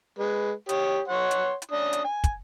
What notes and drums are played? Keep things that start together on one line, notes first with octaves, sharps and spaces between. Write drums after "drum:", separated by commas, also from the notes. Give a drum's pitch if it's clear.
G#3 B4
G4 C#5 D#6, drum: hi-hat
C#5 F#5 C6
drum: hi-hat
drum: hi-hat
C#4 D4 D#6
drum: hi-hat
G#5
drum: kick, hi-hat